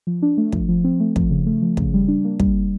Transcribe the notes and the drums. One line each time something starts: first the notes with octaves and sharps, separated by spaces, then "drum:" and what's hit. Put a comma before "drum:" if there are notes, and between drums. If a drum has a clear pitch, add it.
F3
D4
A3
F3, drum: kick
F3
C4
A3
F3, drum: kick
C#3
A3
F3
C#3, drum: kick
G3
D4
A#3
G3, drum: kick